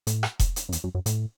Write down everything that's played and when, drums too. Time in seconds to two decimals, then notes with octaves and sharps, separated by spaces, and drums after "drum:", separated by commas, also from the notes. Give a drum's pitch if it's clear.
0.07 A2, drum: hi-hat
0.23 drum: rim click
0.39 drum: kick E1, hi-hat
0.56 drum: hi-hat
0.69 F#2
0.72 E2, drum: hi-hat
0.84 F#2
0.95 F#2
1.06 A2, drum: hi-hat